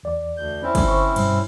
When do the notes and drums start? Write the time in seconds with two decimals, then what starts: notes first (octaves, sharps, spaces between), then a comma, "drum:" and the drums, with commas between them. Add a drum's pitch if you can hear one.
0.03 E2 D5
0.37 D2 G6
0.62 C4 C#4 E4
0.75 drum: kick, cymbal
0.88 C5 C#6
1.16 G2 B2, drum: cymbal